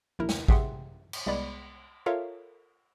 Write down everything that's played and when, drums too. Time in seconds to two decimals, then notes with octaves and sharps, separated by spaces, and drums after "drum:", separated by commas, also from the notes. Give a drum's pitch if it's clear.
0.19 A#1 D#2 E4 A#4
0.29 drum: snare
0.48 G4 G#4 E5 F#5 G5 C6, drum: kick
1.13 drum: cymbal
1.26 C2 G#3 B3 D5 B5 D6
2.06 F4 A4 A#4 C#5 E5 F5